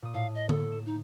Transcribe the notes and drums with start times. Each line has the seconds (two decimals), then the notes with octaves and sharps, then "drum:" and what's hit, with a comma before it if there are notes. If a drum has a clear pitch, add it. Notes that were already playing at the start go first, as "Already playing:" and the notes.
0.02 A#2 D#6
0.14 A2 F5
0.35 D#5
0.49 A4, drum: tom D3
0.72 E7
0.86 D#4